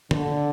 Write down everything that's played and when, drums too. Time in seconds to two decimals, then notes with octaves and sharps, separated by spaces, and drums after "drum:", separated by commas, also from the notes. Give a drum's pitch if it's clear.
0.11 D3, drum: tom D3